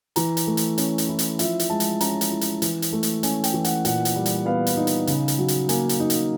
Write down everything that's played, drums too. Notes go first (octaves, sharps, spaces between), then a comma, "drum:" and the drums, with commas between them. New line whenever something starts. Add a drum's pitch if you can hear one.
E3 A#5, drum: hi-hat
drum: hi-hat
A3
drum: hi-hat
C#4, drum: hi-hat
drum: hi-hat
E4
drum: hi-hat
F3 E5, drum: hi-hat
drum: hi-hat
G#3 A5
drum: hi-hat
C#4 A#5, drum: hi-hat
drum: hi-hat
E4
drum: hi-hat
E3, drum: hi-hat
drum: hi-hat
A3
drum: hi-hat
C#4 G#5, drum: hi-hat
G5, drum: hi-hat
E3
F#5, drum: hi-hat
A#2 F#5, drum: hi-hat
drum: hi-hat
G3
drum: hi-hat
B3 F5
drum: hi-hat
D#4
drum: hi-hat
C#3, drum: hi-hat
drum: hi-hat
F#3
drum: hi-hat
A#3 G#5, drum: hi-hat
drum: hi-hat
D#4
drum: hi-hat